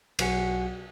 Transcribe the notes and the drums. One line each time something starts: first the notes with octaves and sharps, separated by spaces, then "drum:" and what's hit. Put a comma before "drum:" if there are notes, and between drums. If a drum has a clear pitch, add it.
B1 F#3 F#4 F#5 G#5 C#7, drum: cymbal